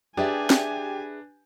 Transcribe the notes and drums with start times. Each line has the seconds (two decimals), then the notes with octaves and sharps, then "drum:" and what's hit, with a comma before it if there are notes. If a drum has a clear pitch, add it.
0.17 D4 G4 G#4 B4 D5 E5 G#5
0.50 drum: snare